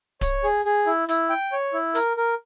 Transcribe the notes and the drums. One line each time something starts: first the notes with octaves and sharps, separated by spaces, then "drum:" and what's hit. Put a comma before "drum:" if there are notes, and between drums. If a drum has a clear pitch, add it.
C#5, drum: kick D1, hi-hat
G#4
G#4
E4
E4, drum: hi-hat
G5
C#5
E4
A#4, drum: hi-hat
A#4